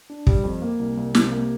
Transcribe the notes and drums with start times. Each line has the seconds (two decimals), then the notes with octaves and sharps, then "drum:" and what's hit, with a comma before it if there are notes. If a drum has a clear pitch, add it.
0.10 D4
0.27 G3, drum: kick
0.44 F2
0.62 A#3
0.79 C2
0.97 C2
1.15 C3, drum: snare
1.32 A#3